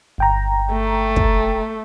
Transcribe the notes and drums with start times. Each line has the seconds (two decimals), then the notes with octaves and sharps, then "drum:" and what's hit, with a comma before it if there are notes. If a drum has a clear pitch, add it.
0.18 G1 G5 A#5
0.72 A3
1.16 drum: kick